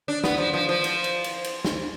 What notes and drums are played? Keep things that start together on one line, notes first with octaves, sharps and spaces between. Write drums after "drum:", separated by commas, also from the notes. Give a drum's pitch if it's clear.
D4
B3, drum: snare
F3
F3
F3
drum: cymbal
drum: cymbal
drum: cymbal
drum: cymbal
drum: snare